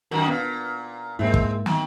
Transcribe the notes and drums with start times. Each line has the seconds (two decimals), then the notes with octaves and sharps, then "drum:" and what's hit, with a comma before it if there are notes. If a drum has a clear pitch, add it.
0.11 F#2 D#3 F#4 A#4
0.28 A#2 B3 D4 F5
1.19 G#2 G#3 A#3 C4 E4
1.34 drum: kick
1.66 D#3, drum: snare